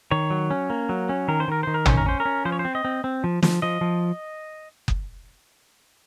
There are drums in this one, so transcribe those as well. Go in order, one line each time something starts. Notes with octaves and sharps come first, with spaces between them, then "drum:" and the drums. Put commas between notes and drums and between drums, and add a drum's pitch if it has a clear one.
D#3 C#5
F#3
C#4
A#3
F#3
C#4
D#3 A#4
C5
D#3 A#4
D#3 C5
A#4
C#4 C5, drum: tom
A#4
C#4 C5
A#4
C#4
F3 C5
C#5
C5
C4
D#5
C4
C4
F3
F3, drum: snare
F3 D#5
F3
drum: kick F#1